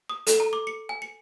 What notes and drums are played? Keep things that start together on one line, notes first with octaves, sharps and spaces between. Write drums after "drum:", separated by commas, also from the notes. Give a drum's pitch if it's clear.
D#6
A4, drum: hi-hat
A#5
D6
C#7
G#5
C#7